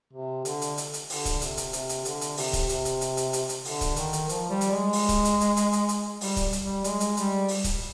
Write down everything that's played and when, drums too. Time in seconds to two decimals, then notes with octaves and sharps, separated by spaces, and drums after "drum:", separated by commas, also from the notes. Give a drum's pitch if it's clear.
0.13 C3
0.45 D3, drum: hi-hat
0.62 drum: hi-hat
0.77 drum: hi-hat
0.93 drum: hi-hat
1.10 D3, drum: open hi-hat
1.25 drum: kick C#1, hi-hat
1.41 C3, drum: hi-hat
1.57 drum: hi-hat
1.73 C3, drum: hi-hat
1.89 drum: hi-hat
2.05 D3, drum: hi-hat
2.21 drum: hi-hat
2.37 C3, drum: open hi-hat
2.53 drum: kick C#1, hi-hat
2.69 C3, drum: hi-hat
2.85 drum: hi-hat
3.01 drum: hi-hat
3.17 drum: hi-hat
3.33 drum: hi-hat
3.49 drum: hi-hat
3.65 D3, drum: open hi-hat
3.81 drum: kick C#1, hi-hat
3.96 D#3, drum: hi-hat
4.13 drum: hi-hat
4.29 F3, drum: hi-hat
4.50 G3
4.61 drum: hi-hat
4.71 G#3
4.93 drum: open hi-hat
5.09 drum: kick C#1, hi-hat
5.25 drum: hi-hat
5.41 drum: hi-hat
5.57 drum: hi-hat
5.73 drum: hi-hat
5.89 drum: hi-hat
6.21 G3, drum: open hi-hat
6.36 drum: kick C#1, hi-hat
6.52 drum: hi-hat
6.63 G3
6.84 G#3, drum: hi-hat
7.00 drum: hi-hat
7.17 G3, drum: hi-hat
7.48 drum: open hi-hat
7.64 drum: kick C#1, hi-hat